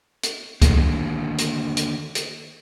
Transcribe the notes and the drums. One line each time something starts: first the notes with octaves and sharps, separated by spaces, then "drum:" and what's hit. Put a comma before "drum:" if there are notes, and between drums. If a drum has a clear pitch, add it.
drum: hi-hat
D3 D#3 A#3, drum: kick C#2, hi-hat
drum: hi-hat
drum: hi-hat
drum: hi-hat